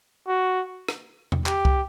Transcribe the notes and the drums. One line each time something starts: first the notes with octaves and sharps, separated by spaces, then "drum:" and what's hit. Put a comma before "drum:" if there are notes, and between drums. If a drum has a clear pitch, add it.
F#4
drum: rim click
drum: tom E2
G4, drum: clap
drum: kick C2